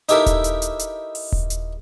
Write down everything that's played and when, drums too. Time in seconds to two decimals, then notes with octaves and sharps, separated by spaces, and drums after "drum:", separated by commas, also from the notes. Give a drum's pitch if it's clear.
0.09 D#4 E4 G4 A4 A#4, drum: hi-hat
0.26 drum: kick D#1, hi-hat
0.44 drum: hi-hat
0.62 drum: hi-hat
0.79 drum: hi-hat
1.15 drum: open hi-hat
1.32 drum: kick D#1
1.50 drum: hi-hat